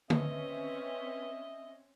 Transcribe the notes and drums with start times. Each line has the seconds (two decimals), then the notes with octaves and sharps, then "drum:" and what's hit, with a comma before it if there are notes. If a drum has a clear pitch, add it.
0.10 C4 C#4 B4 D#5 E5, drum: tom